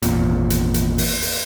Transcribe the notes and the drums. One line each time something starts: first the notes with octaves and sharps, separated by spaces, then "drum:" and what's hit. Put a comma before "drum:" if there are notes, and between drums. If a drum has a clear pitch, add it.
G#1 E2 A#2, drum: hi-hat
drum: hi-hat
drum: hi-hat
drum: open hi-hat
drum: open hi-hat